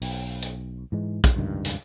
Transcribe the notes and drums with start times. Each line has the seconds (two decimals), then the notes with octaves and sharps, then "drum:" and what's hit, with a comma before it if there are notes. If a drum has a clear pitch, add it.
0.02 B1, drum: open hi-hat
0.42 drum: hi-hat
0.92 G#2 E3 G#3
1.24 drum: kick, hi-hat
1.36 F1 C#2 G2 D#3
1.65 drum: hi-hat